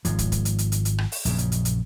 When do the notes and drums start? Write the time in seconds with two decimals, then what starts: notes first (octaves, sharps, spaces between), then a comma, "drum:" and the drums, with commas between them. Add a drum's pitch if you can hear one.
0.05 G#1 G#2 F3, drum: hi-hat
0.19 drum: kick, hi-hat
0.32 drum: kick, hi-hat
0.45 drum: hi-hat
0.58 drum: hi-hat
0.72 drum: hi-hat
0.85 drum: hi-hat
0.98 drum: rim click
1.12 drum: open hi-hat
1.25 A#1 F#2 C#3, drum: hi-hat
1.38 drum: hi-hat
1.52 drum: hi-hat
1.65 drum: hi-hat